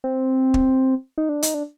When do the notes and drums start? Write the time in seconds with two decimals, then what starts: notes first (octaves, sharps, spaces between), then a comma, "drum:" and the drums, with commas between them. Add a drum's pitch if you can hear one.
0.04 C4
0.54 drum: kick
1.18 D#4
1.29 D4
1.42 D#4, drum: hi-hat
1.54 D4